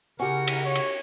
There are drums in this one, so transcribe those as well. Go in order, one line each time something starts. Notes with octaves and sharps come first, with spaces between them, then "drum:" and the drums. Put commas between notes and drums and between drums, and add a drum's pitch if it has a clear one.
C#3 C#4 E4 F#4 G4 A#4 F#5
drum: cymbal
C#5
drum: cymbal